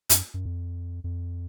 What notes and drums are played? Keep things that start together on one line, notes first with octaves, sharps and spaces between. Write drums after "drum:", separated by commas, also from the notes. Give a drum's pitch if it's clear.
F#2, drum: hi-hat
F#2
F2
F2